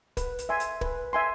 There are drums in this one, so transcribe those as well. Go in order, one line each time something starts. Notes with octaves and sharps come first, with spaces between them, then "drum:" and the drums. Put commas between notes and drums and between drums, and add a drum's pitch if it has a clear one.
B4, drum: kick, hi-hat
drum: hi-hat
E5 G#5 C6
drum: hi-hat
B4, drum: kick
E5 G#5 C6